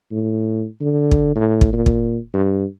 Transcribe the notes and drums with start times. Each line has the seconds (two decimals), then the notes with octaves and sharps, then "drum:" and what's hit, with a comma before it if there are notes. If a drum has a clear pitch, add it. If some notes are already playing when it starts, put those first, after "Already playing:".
0.12 A2
0.81 D3
1.11 drum: kick
1.35 A2
1.61 drum: kick
1.73 A#2
1.86 drum: kick
2.34 G2